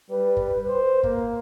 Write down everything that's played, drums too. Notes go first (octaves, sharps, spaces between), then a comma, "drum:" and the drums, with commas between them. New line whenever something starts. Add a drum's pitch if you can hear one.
G3 B4
drum: kick F#1
C5
A#3, drum: kick F#1